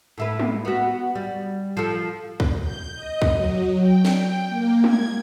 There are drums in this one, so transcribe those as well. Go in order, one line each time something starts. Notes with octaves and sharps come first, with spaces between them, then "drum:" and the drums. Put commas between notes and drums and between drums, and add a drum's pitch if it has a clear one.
A2 E4 B4
drum: tom
B3 F#4
G3
F3 A4
drum: kick
G6
D#5
drum: kick
F#3
G5
drum: snare
A#3
G#6, drum: tom